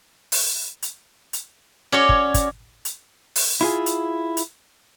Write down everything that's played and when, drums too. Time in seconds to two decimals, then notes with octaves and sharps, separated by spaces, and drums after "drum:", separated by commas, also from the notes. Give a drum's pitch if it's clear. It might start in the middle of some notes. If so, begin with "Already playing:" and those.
0.32 drum: open hi-hat
0.82 drum: hi-hat
1.33 drum: hi-hat
1.92 C#4 F#4 C#5 D5
2.09 drum: kick
2.34 drum: kick, hi-hat
2.85 drum: hi-hat
3.36 drum: open hi-hat
3.61 E4 F4 G#4
3.86 drum: hi-hat
4.37 drum: hi-hat